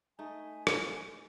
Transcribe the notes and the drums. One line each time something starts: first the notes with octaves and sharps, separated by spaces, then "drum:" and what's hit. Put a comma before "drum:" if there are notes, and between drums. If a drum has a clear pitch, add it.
A3 D#4 G#5
drum: rim click